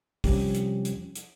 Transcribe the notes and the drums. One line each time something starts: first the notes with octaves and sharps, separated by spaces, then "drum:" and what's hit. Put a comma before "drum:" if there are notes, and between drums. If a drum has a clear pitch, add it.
C3 F3 G3 C#4 G4, drum: kick, open hi-hat
drum: hi-hat
drum: hi-hat
drum: hi-hat